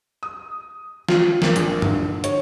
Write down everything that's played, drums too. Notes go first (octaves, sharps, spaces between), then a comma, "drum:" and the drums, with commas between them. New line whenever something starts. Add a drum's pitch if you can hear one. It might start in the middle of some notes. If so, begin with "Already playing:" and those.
D#6
F4, drum: snare
A#3, drum: snare
A#1, drum: hi-hat
D3, drum: tom G2
C#5, drum: hi-hat